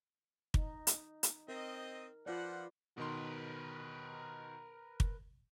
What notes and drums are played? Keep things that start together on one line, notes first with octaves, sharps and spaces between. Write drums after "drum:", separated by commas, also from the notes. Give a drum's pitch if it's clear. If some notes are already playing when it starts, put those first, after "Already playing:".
D#4, drum: kick
drum: hi-hat
drum: hi-hat
C4 A#4 D#5
F3 F4 B4 D5 F#5
B2 D#3 A#4 B4 C6
drum: kick